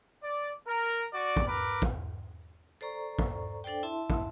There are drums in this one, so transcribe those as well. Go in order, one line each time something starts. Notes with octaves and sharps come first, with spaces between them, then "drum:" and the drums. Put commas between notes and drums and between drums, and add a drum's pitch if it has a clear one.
D5
A#4
F#4 D5
drum: kick
A#4 B4 D6
drum: kick
A4 C5 D5 A#5 C#6
drum: kick
D4 A4 C5 D5 G5
E4 E5 A5 C6
drum: kick